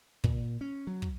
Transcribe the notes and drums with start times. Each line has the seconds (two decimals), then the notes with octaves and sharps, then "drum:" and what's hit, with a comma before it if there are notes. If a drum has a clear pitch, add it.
0.24 A#2, drum: kick
0.61 C#4
0.87 F#3
1.02 drum: kick